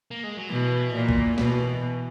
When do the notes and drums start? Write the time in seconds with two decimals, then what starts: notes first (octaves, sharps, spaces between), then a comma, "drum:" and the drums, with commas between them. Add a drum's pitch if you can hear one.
0.11 A#3
0.24 G#3
0.37 F#3
0.50 B2 E3
0.94 A#2
1.09 drum: kick
1.38 B2, drum: snare